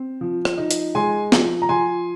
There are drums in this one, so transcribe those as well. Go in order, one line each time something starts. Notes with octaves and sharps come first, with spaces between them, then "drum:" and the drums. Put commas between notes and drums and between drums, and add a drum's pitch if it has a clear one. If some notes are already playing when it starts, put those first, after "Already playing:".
Already playing: C4
F3
drum: rim click
D#4
drum: hi-hat
G#3 G#5 C6
F3, drum: snare
A#5
F3 G#5 C6